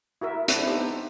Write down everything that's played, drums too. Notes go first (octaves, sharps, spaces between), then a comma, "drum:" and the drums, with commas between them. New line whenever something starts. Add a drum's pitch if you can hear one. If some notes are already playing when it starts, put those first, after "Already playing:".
E4 F#4 A#4 E5
C4 D4 E4 A4, drum: hi-hat
B3 D#4 G4 C5